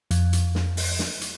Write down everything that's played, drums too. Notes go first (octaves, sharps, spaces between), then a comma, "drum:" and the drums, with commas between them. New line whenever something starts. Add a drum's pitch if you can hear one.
F2, drum: hi-hat
drum: hi-hat
drum: snare
drum: open hi-hat
drum: snare
drum: hi-hat